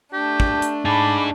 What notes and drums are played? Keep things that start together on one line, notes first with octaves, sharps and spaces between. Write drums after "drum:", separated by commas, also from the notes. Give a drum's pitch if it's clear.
A3 D4 G4
drum: kick
drum: hi-hat
D#4 G#4 A5 B5 D6